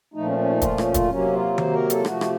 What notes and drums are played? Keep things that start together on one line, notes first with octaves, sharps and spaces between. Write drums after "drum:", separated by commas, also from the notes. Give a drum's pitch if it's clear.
A#2 F3 A3 D#4
C#4
C#4
D#4
F4, drum: kick, hi-hat
C#4, drum: rim click
F4, drum: kick, hi-hat
C3 F#3 A#3 C#4
F4
A#4
C5, drum: tom D#3
A#4
A4, drum: hi-hat
F4
C3 F3 A3 F#4, drum: rim click
drum: rim click